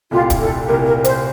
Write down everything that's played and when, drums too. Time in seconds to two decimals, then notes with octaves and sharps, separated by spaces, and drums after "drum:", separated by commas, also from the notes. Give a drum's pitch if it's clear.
0.11 C2 A#2 A3 E4 F4 G4
0.30 drum: kick D1, hi-hat
0.39 A4
0.67 C2 A#2 A3 E4 G4 A#4
0.86 A#4
1.04 C5, drum: hi-hat